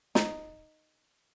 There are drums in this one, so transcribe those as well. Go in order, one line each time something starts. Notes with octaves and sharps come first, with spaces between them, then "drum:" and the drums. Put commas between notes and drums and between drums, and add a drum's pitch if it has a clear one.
D#4, drum: snare